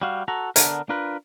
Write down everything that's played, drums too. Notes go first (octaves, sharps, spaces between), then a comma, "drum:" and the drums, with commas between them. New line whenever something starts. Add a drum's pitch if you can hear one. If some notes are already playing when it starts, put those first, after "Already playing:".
G3 F#4 F5
F#4 A4 A#5
D3 B3 D4 A#4, drum: hi-hat
D4 F4 A#4 B4